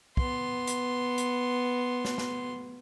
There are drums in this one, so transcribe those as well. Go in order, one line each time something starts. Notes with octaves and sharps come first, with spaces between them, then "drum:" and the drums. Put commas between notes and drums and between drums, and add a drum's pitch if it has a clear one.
B3 C6, drum: kick
drum: hi-hat
drum: hi-hat
drum: snare
drum: snare